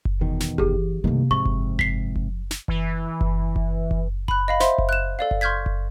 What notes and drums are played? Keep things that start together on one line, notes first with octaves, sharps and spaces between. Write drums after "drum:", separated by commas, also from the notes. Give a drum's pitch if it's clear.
drum: kick F#1
E2 B2 D#3
drum: snare
E3 G4 G#4, drum: kick F#1
G2 C3 D#3 A3 A#3
G#2 C3 F3 C#6
drum: kick F#1
B6 C7, drum: kick F#1
drum: kick F#1
drum: snare
E3, drum: kick F#1
drum: kick F#1
drum: kick F#1
drum: kick F#1
B5 F#6, drum: kick F#1
D#5 F5 B5
C5 E5 C6, drum: snare
drum: kick F#1
F#6 E7
A4 D5 F5
drum: kick F#1
C6 C#6 F6 G6 G#6 B6
drum: kick F#1